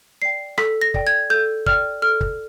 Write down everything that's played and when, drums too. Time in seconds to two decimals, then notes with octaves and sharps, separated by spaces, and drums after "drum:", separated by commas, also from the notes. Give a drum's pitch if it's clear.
0.22 D5 G5 C7
0.58 A4 B6, drum: rim click
0.82 A#6
0.94 D5 G5, drum: kick
1.07 G#6
1.30 A4 G6
1.66 D5 G5 F6, drum: kick
2.02 A4 F6
2.21 drum: kick